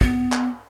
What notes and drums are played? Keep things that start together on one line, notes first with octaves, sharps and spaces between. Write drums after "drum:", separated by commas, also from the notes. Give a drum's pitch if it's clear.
B3, drum: kick
drum: clap